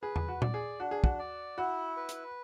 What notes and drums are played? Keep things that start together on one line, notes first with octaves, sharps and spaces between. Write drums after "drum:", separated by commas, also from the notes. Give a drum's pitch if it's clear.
G#4 B4
drum: tom E2
F#4
D5, drum: tom A#2
G#4
D4 F#4
G#4
F#4, drum: kick
D5
E4 F#4
B4
drum: hi-hat